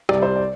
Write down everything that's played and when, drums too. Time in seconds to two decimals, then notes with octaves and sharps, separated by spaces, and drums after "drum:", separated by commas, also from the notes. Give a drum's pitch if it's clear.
0.09 C2 C3 G3 D5, drum: rim click
0.22 C5
0.36 D5